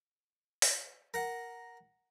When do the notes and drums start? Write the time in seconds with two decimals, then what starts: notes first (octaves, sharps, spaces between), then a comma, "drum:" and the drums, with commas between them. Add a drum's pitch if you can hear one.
0.62 drum: open hi-hat
1.14 A#4 F#5